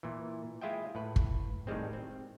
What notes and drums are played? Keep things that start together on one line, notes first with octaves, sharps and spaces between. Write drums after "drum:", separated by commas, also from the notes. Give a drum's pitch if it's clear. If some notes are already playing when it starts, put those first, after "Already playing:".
A#2 E3
G#3 E4 F4 D#5 E5 G5
A2 B4
drum: kick
A2 D#3 G3 G#3 C4
C4